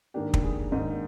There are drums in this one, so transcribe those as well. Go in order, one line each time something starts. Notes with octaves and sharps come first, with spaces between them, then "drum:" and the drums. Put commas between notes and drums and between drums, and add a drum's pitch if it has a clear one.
G#2 D#3 A#3 D4 G4
drum: kick
G#4
G#2 D#3 A#3 D4 D#5